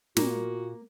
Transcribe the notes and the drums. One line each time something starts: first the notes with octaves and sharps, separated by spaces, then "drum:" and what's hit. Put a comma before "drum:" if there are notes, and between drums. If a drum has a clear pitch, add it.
A#2 A#3 F4 F#4, drum: snare